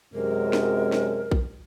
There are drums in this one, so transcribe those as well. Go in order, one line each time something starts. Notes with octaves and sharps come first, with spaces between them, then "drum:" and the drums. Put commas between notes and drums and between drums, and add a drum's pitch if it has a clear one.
F#2 C3 G#3 A#4
drum: snare
drum: snare
drum: kick